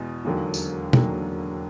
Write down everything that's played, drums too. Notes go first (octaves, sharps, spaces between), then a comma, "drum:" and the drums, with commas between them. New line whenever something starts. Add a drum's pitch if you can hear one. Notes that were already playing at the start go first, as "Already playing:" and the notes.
Already playing: E2 B2 G#3
E1 D#2 D3 F#3 A#3
drum: tambourine
E1 D#2 D3 F#3 A#3, drum: tom